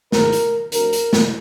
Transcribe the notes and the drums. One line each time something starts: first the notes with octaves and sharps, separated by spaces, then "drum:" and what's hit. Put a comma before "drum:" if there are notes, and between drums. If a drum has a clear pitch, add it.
G#1 G#2 D#3 G3 A#4, drum: snare
drum: hi-hat
D2 D3 F3 C4 A#4, drum: hi-hat
drum: hi-hat
drum: snare